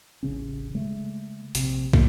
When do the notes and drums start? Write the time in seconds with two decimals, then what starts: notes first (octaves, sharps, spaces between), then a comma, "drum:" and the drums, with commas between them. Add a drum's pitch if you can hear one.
0.23 D1 A1 C#3 C#4
0.75 C#3 G#3 A3
1.55 A#1 C3, drum: hi-hat
1.93 A#3, drum: kick